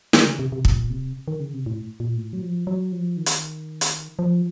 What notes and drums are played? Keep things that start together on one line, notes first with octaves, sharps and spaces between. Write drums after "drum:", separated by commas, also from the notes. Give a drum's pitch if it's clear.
D#3, drum: snare
C#3
C3
C3
A#2, drum: kick
C3
D#3
C#3
C3
A2
A#2
A2
F#3
F3
F#3
F3
D#3
drum: hi-hat
drum: hi-hat
F3